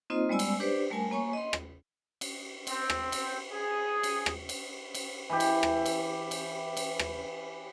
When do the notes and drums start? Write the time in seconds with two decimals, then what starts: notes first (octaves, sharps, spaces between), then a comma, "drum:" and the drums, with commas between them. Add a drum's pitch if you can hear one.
0.10 A#3 C4 D#4 F4 C5 D#5
0.29 G3 G#3 B3 D5 G#5 E6
0.39 drum: cymbal
0.60 D4 G4 B4 C5 D5
0.90 G3 A3 A#4 G#5
1.11 A#3 C#5 G#5 C#6
1.33 D#5 C6
1.53 drum: rim click
2.21 drum: cymbal
2.67 C4, drum: cymbal
2.90 drum: rim click
3.12 drum: cymbal
3.51 G#4
4.03 drum: cymbal
4.26 drum: rim click
4.49 drum: cymbal
4.95 drum: cymbal
5.30 E3 G4
5.40 drum: cymbal
5.63 drum: rim click
5.86 drum: cymbal
6.31 drum: cymbal
6.77 drum: cymbal
6.99 drum: rim click